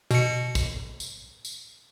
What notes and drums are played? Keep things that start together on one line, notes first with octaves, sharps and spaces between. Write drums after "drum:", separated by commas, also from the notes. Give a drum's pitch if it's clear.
B2 C#7, drum: tambourine
drum: kick, tambourine
drum: tambourine
drum: tambourine